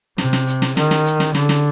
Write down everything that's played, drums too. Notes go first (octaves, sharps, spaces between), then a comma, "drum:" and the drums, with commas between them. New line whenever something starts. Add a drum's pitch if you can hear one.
C3, drum: snare
drum: snare
drum: hi-hat
drum: snare
D#3, drum: snare
drum: snare
drum: hi-hat
drum: snare
D3, drum: snare
drum: snare